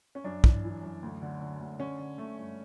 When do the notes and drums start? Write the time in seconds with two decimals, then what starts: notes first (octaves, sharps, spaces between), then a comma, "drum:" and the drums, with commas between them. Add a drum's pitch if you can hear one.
0.15 C#4
0.24 F#2 D4
0.44 E3, drum: kick
0.64 E3
0.83 F#2
1.03 D2
1.22 D3
1.41 D3
1.59 D2
1.79 D3 C#4
1.99 D3
2.18 D3 A3
2.37 G2